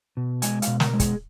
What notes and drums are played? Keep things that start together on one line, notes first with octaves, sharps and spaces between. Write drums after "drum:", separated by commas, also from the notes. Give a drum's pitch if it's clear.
B2
G#3 G#5, drum: hi-hat
F5, drum: hi-hat
B2
A#4, drum: snare
G#3
G#4, drum: kick, hi-hat